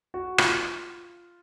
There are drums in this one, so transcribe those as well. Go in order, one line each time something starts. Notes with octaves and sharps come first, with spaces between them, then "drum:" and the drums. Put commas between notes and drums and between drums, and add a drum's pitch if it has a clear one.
F#4
F4, drum: rim click